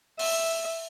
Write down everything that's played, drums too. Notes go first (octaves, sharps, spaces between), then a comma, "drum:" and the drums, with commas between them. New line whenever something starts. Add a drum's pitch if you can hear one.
E5, drum: open hi-hat